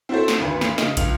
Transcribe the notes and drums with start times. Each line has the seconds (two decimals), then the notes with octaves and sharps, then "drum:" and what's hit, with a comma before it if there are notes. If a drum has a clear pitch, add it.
0.09 C4 E4 F#4 A4 C5
0.28 drum: snare
0.38 G#1 D2 B4
0.61 drum: snare
0.78 C#3 D#5, drum: snare
0.97 C#2 F4 F7, drum: kick, hi-hat